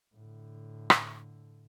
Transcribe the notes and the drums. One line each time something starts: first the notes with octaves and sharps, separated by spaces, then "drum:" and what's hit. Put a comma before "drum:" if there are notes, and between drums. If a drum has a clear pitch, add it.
A2 D3
drum: rim click